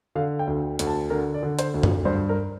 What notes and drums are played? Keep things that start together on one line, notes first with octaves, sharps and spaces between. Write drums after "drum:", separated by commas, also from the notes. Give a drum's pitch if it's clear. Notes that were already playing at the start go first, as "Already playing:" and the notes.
D3 F5
G5
D2
D2, drum: hi-hat
A5
D3 A#4
D5
D3
C5, drum: hi-hat
D2
drum: tom F#2
G2 C5
A#4